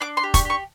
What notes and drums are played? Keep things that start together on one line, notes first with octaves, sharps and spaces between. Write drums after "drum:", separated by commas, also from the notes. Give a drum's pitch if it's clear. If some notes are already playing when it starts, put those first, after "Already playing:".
D4 D6
C6
G4
C#6, drum: kick F1, hi-hat
G4 C#6